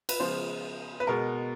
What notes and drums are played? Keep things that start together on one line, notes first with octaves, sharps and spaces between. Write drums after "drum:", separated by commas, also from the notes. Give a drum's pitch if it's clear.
B4, drum: cymbal
C#3 F3 G#3 B3 C5
B4
B2 G#3 B3 A#4